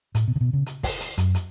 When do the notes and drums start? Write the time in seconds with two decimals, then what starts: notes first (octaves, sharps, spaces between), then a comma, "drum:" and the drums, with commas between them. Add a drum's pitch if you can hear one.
0.15 A2, drum: hi-hat
0.28 B2
0.36 C#3
0.41 B2
0.53 C#3
0.66 drum: hi-hat
0.83 drum: kick, open hi-hat
1.00 drum: hi-hat
1.18 F#2, drum: hi-hat
1.35 drum: hi-hat